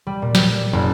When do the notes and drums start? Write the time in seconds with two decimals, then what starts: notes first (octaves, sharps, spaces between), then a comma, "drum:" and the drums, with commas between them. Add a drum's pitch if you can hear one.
0.07 G3
0.22 A#2
0.35 G3, drum: snare
0.50 E7
0.73 F#1